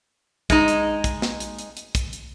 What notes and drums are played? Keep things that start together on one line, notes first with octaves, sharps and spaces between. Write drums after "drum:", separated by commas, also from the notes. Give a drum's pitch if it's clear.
G#3 D#4, drum: kick, hi-hat
drum: hi-hat
drum: kick, hi-hat
drum: snare
drum: hi-hat
drum: hi-hat
drum: hi-hat
drum: kick, hi-hat
drum: hi-hat